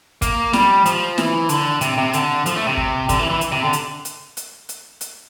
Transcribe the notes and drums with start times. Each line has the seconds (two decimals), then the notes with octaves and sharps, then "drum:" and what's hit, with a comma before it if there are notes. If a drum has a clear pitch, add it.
0.22 A#3, drum: kick, hi-hat
0.53 G3, drum: snare
0.86 F3, drum: hi-hat
1.18 E3, drum: snare
1.49 D3, drum: hi-hat
1.81 C3, drum: hi-hat
1.98 C3
2.14 D3, drum: hi-hat
2.46 F3, drum: hi-hat
2.56 A3
2.67 C3
2.77 drum: kick
3.09 D3, drum: kick, hi-hat
3.19 E3
3.30 E3
3.41 drum: hi-hat
3.52 C3
3.63 D3
3.73 drum: hi-hat
4.05 drum: hi-hat
4.37 drum: hi-hat
4.69 drum: hi-hat
5.01 drum: hi-hat